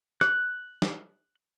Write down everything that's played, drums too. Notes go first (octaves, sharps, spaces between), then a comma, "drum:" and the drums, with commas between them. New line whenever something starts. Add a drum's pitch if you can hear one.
F#6, drum: rim click
drum: snare